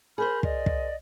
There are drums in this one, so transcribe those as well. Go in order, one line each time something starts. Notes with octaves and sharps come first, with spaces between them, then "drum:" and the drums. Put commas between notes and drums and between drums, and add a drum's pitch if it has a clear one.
G#4 A#4 C5 B5 F6 G6
D5 D#5, drum: kick
drum: kick